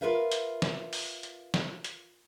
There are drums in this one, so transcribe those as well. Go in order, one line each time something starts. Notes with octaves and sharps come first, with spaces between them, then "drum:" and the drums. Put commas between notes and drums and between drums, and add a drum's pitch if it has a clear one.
F4 G#4 A#4 B4 E5 F5
drum: hi-hat
drum: snare
drum: open hi-hat
drum: hi-hat
drum: snare
drum: hi-hat